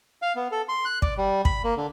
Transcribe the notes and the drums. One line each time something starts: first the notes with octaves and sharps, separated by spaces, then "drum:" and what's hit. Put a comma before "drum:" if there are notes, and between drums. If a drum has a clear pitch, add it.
F5
B3
A4
C6
F#6
D5, drum: kick
G3
B5, drum: kick
A#3
D3